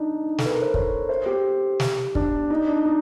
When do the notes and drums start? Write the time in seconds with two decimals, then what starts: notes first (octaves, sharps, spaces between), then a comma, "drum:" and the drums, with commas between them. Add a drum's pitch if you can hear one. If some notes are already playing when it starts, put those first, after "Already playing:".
Already playing: D4 D#4
0.38 A4, drum: snare
0.46 B4
0.51 A#4
0.62 C5
0.74 C#5, drum: kick
1.09 C5
1.26 G4
1.80 drum: snare
2.15 D4, drum: kick
2.50 D#4
2.68 D4
2.85 D#4